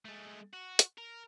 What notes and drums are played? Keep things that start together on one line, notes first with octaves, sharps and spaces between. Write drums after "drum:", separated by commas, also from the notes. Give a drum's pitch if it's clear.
G#3 A3
F#4
drum: hi-hat
A#4